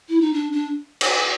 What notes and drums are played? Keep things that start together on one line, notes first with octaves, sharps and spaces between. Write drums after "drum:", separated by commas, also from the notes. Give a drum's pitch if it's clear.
E4
D#4
D4
D4
drum: cymbal